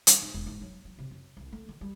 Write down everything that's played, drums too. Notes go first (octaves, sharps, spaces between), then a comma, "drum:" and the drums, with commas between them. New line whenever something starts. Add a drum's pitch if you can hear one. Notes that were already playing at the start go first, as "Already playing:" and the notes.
G3, drum: hi-hat
G#2
E1
G#2
F#3
F#3
C3
F#2
C2
A3
D#3
G3